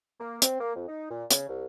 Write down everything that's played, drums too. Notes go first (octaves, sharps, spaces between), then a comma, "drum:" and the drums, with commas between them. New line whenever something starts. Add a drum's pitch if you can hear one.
A#3
C4, drum: hi-hat
A#3
F2
D#4
A#2
C#3, drum: hi-hat
C2